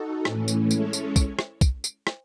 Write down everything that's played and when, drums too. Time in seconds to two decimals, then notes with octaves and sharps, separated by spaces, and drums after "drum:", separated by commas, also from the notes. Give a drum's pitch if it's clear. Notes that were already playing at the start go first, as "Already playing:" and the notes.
Already playing: D#4 F#4 A4
0.25 A2 E3 A3 C#4, drum: rim click
0.48 drum: tambourine
0.71 G#3 C#4 E4 A4 C#5, drum: tambourine
0.93 drum: tambourine
1.16 drum: kick, tambourine
1.39 drum: rim click
1.61 drum: kick, tambourine
1.84 drum: tambourine
2.07 drum: rim click